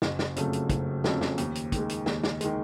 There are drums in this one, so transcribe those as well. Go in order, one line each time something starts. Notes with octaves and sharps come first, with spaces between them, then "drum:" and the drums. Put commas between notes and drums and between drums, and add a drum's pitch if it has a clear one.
F#1, drum: snare
drum: snare
F2 C#3 F#3 A3, drum: hi-hat
drum: hi-hat
F#1, drum: kick, hi-hat
F2 C#3 F#3 A3, drum: snare
drum: snare
D#2, drum: hi-hat
drum: hi-hat
D#3 G#3, drum: kick, hi-hat
drum: hi-hat
D#2, drum: snare
drum: snare
D#3 G#3, drum: hi-hat